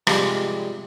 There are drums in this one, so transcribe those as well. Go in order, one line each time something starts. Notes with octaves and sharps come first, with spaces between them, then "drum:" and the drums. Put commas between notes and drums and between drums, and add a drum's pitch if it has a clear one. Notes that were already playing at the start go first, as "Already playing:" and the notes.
G2 C3 F3 G3 G#3, drum: rim click